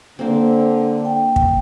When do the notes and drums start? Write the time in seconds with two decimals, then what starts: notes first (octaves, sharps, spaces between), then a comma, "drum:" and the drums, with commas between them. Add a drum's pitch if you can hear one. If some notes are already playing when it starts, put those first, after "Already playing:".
0.19 D3 A#3 C4
1.05 G5
1.36 drum: kick